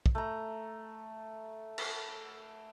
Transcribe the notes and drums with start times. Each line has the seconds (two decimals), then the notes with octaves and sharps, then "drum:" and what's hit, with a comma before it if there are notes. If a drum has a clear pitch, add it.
0.06 drum: kick
0.15 A3 A#5
1.78 drum: cymbal